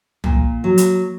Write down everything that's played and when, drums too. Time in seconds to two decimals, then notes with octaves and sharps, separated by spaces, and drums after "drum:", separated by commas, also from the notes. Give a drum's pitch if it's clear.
0.24 A#2, drum: tom
0.64 F#3
0.78 drum: hi-hat